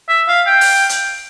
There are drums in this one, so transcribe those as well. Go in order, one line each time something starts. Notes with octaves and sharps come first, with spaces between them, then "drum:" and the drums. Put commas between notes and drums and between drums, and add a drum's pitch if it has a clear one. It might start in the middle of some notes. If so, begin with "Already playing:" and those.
E5
F5
G5
drum: open hi-hat
drum: hi-hat